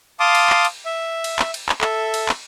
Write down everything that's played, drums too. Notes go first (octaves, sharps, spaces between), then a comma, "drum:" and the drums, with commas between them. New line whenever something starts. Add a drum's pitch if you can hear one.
F5 A5 C6 D6 D#6
drum: cymbal
drum: clap
drum: cymbal
E5
drum: cymbal
drum: clap
drum: cymbal
drum: clap
A4 E5, drum: clap
drum: cymbal
drum: clap